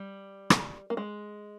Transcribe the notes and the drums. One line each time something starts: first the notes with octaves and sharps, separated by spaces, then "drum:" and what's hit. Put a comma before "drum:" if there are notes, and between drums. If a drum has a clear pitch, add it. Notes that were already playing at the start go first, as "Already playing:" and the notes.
Already playing: G3
drum: rim click
A#3
G#3